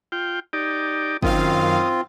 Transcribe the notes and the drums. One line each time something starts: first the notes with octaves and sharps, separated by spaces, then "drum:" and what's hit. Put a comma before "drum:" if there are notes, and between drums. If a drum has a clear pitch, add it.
F4 G5
D#4 G4 D5
F#2 D#3 C4 F4 F5 D#6, drum: kick